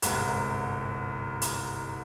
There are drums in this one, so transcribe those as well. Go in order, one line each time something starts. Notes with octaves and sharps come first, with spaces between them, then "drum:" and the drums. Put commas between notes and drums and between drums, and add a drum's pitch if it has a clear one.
G1 C2 G#2 C3, drum: hi-hat
drum: hi-hat